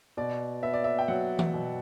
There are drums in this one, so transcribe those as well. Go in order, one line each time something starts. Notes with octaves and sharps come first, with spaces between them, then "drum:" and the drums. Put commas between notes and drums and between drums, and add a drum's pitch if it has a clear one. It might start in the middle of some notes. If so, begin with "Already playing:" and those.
B2 D5
B3 E5
D5
E5
G5
F#3 F#5
drum: tom E3
B2